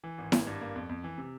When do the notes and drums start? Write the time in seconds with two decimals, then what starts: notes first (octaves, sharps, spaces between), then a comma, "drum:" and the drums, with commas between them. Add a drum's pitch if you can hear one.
0.04 E3
0.18 G#1
0.32 G#1, drum: snare E4
0.47 G2
0.61 A#3
0.76 F2
0.89 F2
1.04 E3
1.18 C3